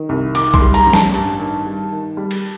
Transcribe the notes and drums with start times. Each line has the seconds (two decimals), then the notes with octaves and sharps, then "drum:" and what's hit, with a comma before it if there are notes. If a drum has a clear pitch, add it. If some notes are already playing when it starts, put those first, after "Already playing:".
Already playing: D#3
0.09 C2
0.35 D#3 D6, drum: cymbal
0.54 C6, drum: kick B1, cymbal
0.61 G3
0.74 A#5, drum: cymbal
0.86 A1
0.93 A5, drum: snare
1.14 G2, drum: cymbal
1.39 D#3
1.65 G3
1.92 D#3
2.17 G3
2.31 drum: cymbal